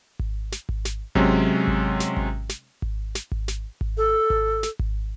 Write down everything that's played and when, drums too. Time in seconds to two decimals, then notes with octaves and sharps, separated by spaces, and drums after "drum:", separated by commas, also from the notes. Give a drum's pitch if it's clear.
0.19 drum: kick G#1
0.52 drum: snare
0.69 drum: kick G#1
0.85 drum: snare
1.15 C3 F#3 G#3 C#4, drum: kick G#1
1.67 drum: kick G#1
2.00 drum: snare
2.17 drum: kick G#1
2.49 drum: snare
2.82 drum: kick G#1
3.15 drum: snare
3.32 drum: kick G#1
3.48 drum: snare
3.81 drum: kick G#1
3.97 A4
4.30 drum: kick G#1
4.63 drum: snare
4.79 drum: kick G#1